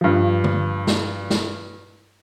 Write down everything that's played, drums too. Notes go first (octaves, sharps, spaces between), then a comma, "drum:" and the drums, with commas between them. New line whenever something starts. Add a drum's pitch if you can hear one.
G2 F3
drum: tom D3
drum: snare
drum: snare